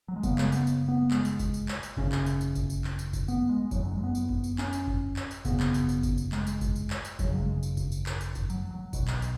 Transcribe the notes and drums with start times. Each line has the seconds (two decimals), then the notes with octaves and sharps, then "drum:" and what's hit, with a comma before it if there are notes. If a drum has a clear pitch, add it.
0.08 F#3
0.16 G#3
0.23 F#1 F#2 C#3 B3, drum: kick F#1, tambourine
0.38 G#3, drum: clap
0.52 B3, drum: tambourine
0.67 drum: tambourine
0.88 B3
1.11 G#3, drum: clap
1.25 drum: tambourine
1.39 drum: kick F#1, tambourine
1.54 drum: tambourine
1.68 drum: clap
1.83 drum: tambourine
1.97 G#1 F#2 C#3 C#4, drum: kick F#1
2.12 drum: clap
2.26 drum: tambourine
2.41 drum: tambourine
2.55 drum: kick F#1, tambourine
2.70 drum: tambourine
2.84 drum: clap
2.99 drum: tambourine
3.13 drum: kick F#1, tambourine
3.28 B3, drum: tambourine
3.49 G#3
3.71 F#1 F#2 C#3 F#3, drum: kick F#1, tambourine
3.82 F#3
3.93 G#3
4.03 B3
4.15 drum: tambourine
4.29 drum: kick F#1
4.44 drum: tambourine
4.58 C#4, drum: clap
4.73 drum: tambourine
4.87 drum: kick F#1
5.16 drum: clap
5.31 drum: tambourine
5.45 G#1 F#2 C#3 B3, drum: kick F#1, tambourine
5.60 drum: clap
5.74 drum: tambourine
5.89 drum: tambourine
6.03 drum: kick F#1, tambourine
6.18 drum: tambourine
6.32 G#3, drum: clap
6.47 drum: tambourine
6.61 drum: kick F#1, tambourine
6.76 drum: tambourine
6.90 drum: clap
7.05 drum: tambourine
7.19 G#1 F#2 C#3 F#3, drum: kick F#1, tambourine
7.30 F#3
7.41 G#3
7.63 drum: tambourine
7.77 drum: kick F#1, tambourine
7.92 drum: tambourine
8.06 drum: clap
8.21 drum: tambourine
8.35 drum: kick F#1, tambourine
8.50 F#3, drum: tambourine
8.71 F#3
8.93 B1 B2, drum: kick F#1, tambourine
9.08 drum: clap
9.22 drum: tambourine